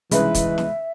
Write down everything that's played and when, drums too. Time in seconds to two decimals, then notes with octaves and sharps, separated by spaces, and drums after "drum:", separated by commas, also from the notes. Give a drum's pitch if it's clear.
0.11 C2 C#3 E3 G#3 D#4 B4 E5 B5, drum: hi-hat
0.35 drum: kick, hi-hat
0.58 drum: snare